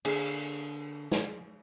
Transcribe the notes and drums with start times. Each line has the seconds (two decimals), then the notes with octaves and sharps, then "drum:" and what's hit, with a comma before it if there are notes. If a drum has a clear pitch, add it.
0.05 D3 A#3 D4 G#4, drum: cymbal
1.11 drum: snare